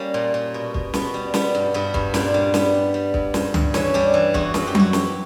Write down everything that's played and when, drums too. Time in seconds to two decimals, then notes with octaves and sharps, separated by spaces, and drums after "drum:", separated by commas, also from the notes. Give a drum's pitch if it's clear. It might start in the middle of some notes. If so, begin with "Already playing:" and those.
Already playing: G3 A#3 C#4
0.14 A#2
0.34 A#2
0.54 B2
0.74 B2, drum: kick
0.94 B2 B3, drum: snare
1.14 G3
1.34 G3 B3, drum: snare
1.55 G2
1.74 G2 B3
1.94 G2, drum: kick
2.14 A#2 D4, drum: snare
2.34 G3
2.54 G3 B3, drum: snare
2.74 G3
2.94 G3
3.14 G2, drum: kick
3.34 G2, drum: snare
3.54 G2, drum: tom C#2
3.74 E3 C#4, drum: snare
3.94 G3 D4
4.14 E3
4.34 E2 F#4, drum: kick
4.54 F#2, drum: snare
4.67 G4
4.75 E3 F#4, drum: tom F#3
4.93 E3 G4, drum: snare